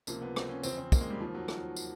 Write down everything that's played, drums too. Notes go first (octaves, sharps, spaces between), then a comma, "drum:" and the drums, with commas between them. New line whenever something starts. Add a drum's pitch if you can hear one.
C#2 C3 F3 A#3, drum: tambourine
B3
C4, drum: rim click
C#4
E2 C#3 F3 C4, drum: tambourine
C4
A#3, drum: kick, tambourine
G#3
G3
D#2 D#3 F3
F#3
drum: rim click
drum: tambourine